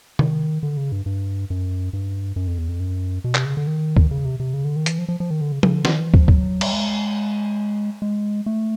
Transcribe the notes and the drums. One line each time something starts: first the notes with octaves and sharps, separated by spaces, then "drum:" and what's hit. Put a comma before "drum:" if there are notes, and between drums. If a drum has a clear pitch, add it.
D#3, drum: tom C3
D3
C#3
G2
G2
F#2
G2
F#2
F2
E2
F2
F#2
B2
C3, drum: clap
C#3
D3
D#3
drum: kick
C#3
C3
C3
C#3
D3
D#3
E3, drum: hi-hat
F3
F3
F3
D#3
D3
C#3
C#3, drum: tom F3
D3
D#3, drum: snare
E3
F3, drum: kick
F#3, drum: kick
G3, drum: cymbal
G#3
G#3
A3